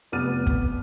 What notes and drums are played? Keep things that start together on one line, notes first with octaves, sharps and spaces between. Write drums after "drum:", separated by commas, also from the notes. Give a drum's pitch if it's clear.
F1 B3 D6 F6 A6 D#7
drum: kick